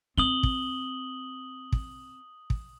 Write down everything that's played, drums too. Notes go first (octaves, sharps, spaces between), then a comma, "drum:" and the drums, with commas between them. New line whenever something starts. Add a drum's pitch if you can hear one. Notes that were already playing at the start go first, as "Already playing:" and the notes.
C4 D#6 F#7 G7
drum: kick
drum: kick
drum: kick